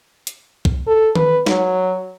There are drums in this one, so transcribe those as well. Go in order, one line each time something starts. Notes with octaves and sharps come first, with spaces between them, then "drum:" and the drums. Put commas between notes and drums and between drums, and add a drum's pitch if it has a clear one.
drum: hi-hat
drum: kick
A4
B4, drum: tom D#3
F#3, drum: snare